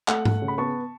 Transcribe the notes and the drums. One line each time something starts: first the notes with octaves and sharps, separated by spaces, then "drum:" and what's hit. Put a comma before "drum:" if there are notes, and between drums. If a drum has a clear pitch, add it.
A3 F#5, drum: clap
A3, drum: tom G#2
C#3
B5
B3 A5 C#6